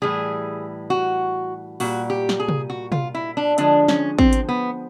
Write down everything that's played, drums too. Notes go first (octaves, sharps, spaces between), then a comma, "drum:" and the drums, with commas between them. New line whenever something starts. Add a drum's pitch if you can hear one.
A2 E3 G3 G#4
F#4
A#2 G3 F#4, drum: open hi-hat
G4
drum: snare
G#4
drum: tom C3
F#4
F4, drum: tom C3
E4
D4
D3 F3 G#3 D4, drum: hi-hat
C#4, drum: snare
C4, drum: kick A1
drum: hi-hat
B3